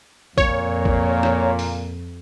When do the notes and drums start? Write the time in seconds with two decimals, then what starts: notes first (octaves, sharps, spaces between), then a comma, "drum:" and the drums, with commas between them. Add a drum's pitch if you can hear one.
0.38 F2 A#2 A#3 C#5, drum: kick A#1
0.85 drum: kick A#1
1.23 drum: rim click
1.59 drum: open hi-hat